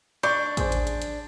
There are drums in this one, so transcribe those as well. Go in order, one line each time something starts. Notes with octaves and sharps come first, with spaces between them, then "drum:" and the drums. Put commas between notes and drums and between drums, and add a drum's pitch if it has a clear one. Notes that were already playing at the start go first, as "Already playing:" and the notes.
D4 D5 C#6 G6
G#4 C5, drum: kick A1, hi-hat
drum: hi-hat
drum: hi-hat
drum: hi-hat